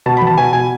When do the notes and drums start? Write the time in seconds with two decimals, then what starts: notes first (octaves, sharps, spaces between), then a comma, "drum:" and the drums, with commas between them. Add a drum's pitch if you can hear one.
0.06 B2 A5
0.17 B5
0.22 B2, drum: tom D#3
0.27 A5
0.38 B2 G#5
0.53 B2 G#5